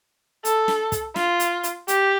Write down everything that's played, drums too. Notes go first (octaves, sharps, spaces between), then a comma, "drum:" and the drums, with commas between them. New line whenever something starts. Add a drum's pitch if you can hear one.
A4, drum: hi-hat
drum: snare
drum: kick, hi-hat
F4, drum: snare
drum: hi-hat
drum: hi-hat
G4, drum: hi-hat